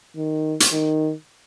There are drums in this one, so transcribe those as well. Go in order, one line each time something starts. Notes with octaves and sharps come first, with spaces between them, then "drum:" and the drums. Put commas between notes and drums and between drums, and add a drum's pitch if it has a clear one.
D#3
drum: hi-hat
D#3